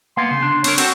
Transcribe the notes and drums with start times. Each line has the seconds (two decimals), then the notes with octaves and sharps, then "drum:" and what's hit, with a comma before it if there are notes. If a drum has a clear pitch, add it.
0.17 A#3 B3 F5 C6
0.31 C#3
0.42 D4
0.64 C4 A#4 C#5, drum: cymbal
0.78 C4 F#4 A4, drum: cymbal